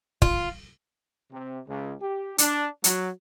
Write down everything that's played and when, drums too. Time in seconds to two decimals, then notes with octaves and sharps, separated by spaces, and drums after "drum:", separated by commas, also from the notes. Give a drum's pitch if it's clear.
0.22 F4, drum: kick
1.32 C3
1.68 C#2
2.01 G4
2.38 D4, drum: hi-hat
2.84 F#3, drum: hi-hat